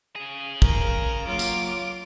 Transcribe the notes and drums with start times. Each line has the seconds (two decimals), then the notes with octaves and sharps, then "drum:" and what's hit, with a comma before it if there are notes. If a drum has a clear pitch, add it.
0.16 C#3 G#4
0.62 A#4, drum: kick
1.27 F#3 A#3 F4 D6
1.39 drum: tambourine